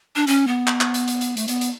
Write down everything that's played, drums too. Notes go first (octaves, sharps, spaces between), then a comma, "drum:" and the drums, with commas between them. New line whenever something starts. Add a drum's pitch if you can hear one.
D4
C#4, drum: hi-hat
B3
drum: clap
drum: clap
drum: hi-hat
drum: hi-hat
drum: hi-hat
A3, drum: hi-hat
B3, drum: hi-hat
drum: hi-hat